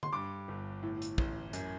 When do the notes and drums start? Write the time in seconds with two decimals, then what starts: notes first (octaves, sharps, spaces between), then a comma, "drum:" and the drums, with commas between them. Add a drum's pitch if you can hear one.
0.03 C6, drum: tom D3
0.12 G2 D6
0.48 G1
0.83 A2
1.02 drum: hi-hat
1.18 A1, drum: kick
1.53 F#2, drum: hi-hat